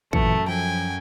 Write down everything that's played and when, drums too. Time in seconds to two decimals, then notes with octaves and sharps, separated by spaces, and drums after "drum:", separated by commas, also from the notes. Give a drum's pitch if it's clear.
0.13 F#2 A#2 E3 A3 C#7, drum: kick
0.48 F3 G5 G#5